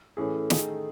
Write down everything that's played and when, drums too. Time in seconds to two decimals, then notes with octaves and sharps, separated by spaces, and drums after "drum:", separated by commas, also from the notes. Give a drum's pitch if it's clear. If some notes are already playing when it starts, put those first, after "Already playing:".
0.17 A2 E3 A3 C#4 G#4
0.50 D#3 A3 D#4 G#4, drum: snare